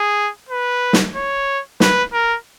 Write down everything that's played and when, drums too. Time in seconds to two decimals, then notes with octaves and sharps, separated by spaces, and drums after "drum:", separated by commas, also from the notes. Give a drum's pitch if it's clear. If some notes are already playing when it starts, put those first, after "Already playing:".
Already playing: G#4
0.49 B4
0.93 drum: snare
1.15 C#5
1.80 B4, drum: snare
2.13 A#4